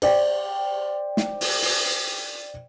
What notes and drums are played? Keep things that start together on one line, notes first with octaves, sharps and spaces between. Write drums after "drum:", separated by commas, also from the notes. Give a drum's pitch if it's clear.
C5 D5 G5, drum: cymbal
drum: snare
drum: open hi-hat
drum: open hi-hat